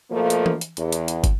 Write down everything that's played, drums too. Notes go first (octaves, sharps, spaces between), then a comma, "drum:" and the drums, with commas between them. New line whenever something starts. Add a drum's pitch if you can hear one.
B2 F3 A3 A#3
drum: hi-hat
drum: tom E3
drum: hi-hat
E2, drum: hi-hat
drum: hi-hat
drum: hi-hat
drum: kick, hi-hat